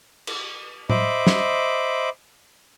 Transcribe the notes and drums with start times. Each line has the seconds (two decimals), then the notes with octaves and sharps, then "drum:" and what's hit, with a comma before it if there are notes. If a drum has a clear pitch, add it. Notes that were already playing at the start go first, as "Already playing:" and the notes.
0.27 drum: cymbal
0.90 C5 D#5 E5 B5 D6, drum: tom A2
1.27 drum: snare